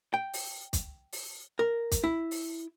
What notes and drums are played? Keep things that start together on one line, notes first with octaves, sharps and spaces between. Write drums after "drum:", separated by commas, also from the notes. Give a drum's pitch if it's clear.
G5
drum: open hi-hat
drum: kick, hi-hat
drum: open hi-hat
A#4
drum: kick, hi-hat
E4
drum: open hi-hat